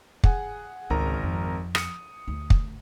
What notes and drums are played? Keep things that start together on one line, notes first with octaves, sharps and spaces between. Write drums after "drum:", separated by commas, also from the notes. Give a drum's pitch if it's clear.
G#4 F#5 G#5, drum: kick
G#1 C#2 C3 A#4 A#5
F2
D#6 C#7, drum: rim click
D2
drum: kick